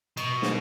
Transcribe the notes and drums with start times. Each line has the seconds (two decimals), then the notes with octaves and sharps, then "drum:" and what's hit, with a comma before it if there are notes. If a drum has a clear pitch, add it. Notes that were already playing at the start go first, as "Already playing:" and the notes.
0.17 B2, drum: cymbal
0.42 drum: snare